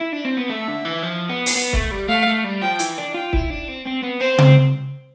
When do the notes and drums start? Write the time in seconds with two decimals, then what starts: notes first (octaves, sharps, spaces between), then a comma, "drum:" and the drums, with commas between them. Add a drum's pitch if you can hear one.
0.00 E4
0.13 D4
0.25 C4
0.37 B3
0.50 A3 E5
0.68 D3
0.85 E3
1.03 F3
1.30 B3
1.46 drum: open hi-hat
1.55 B3
1.73 A3, drum: kick
1.91 G3
2.08 A3 F5
2.27 A3
2.44 G3
2.61 F3 G5
2.79 E3, drum: hi-hat
2.98 D4
3.14 F4 G5
3.33 E4, drum: kick
3.50 D4
3.68 C4
3.86 C4
4.03 B3
4.20 C4 C5
4.38 C4, drum: tom C#3